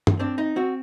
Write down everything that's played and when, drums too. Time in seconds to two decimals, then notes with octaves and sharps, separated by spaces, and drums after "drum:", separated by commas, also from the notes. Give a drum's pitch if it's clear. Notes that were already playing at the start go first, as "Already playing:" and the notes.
0.07 drum: tom G2
0.19 C4 D4
0.38 D#4
0.56 C4 F#4